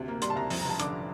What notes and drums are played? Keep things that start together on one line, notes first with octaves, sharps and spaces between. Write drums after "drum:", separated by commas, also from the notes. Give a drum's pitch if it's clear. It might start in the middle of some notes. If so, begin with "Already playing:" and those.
Already playing: D2 C3
A#3
G3 C6, drum: hi-hat
A5
C2 A#5
F2, drum: open hi-hat
A#5
F1
A5
D3 D6, drum: hi-hat